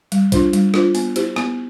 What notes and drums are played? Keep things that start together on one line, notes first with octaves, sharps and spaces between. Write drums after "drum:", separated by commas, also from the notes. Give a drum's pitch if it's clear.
G3, drum: hi-hat
D4 F4 C5, drum: kick, hi-hat
G3, drum: hi-hat
D4 F4 C5, drum: rim click
B3, drum: open hi-hat
E4 G4 C5, drum: hi-hat
B3, drum: rim click